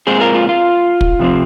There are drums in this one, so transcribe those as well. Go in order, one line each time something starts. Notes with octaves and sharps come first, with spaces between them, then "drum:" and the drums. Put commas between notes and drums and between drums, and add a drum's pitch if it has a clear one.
A#2 G#3 C4 G#4 C5
F4 A#4
F4
F4
drum: kick
C3 F3 C4